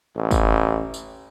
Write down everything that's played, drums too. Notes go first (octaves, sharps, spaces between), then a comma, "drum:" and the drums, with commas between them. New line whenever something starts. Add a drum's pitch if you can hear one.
A1
drum: kick, tambourine
drum: tambourine